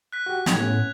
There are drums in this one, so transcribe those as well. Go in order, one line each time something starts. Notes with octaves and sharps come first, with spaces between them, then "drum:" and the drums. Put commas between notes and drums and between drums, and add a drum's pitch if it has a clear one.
F#6 B6
F#4 G4
A2 B3 G4 G#6 B6 F7, drum: snare
C#4